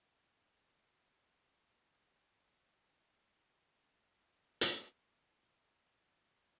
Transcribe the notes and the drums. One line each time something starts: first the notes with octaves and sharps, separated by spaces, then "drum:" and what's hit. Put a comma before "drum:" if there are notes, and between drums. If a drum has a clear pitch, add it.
D2
D#4
B1
F#2
A#3 C#6 E6
F4 D5
D#4
drum: hi-hat
D#2 G#5
A#2 A5
A#3
A#4 B5